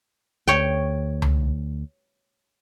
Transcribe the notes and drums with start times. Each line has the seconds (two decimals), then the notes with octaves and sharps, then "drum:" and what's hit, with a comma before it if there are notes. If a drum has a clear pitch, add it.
0.48 D2 C#5 G5
1.22 drum: tom C#2